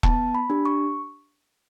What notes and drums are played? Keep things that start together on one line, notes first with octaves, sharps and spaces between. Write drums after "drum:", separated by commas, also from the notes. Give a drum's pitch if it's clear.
B3 A5, drum: kick E1
B5
D4 G4
C#6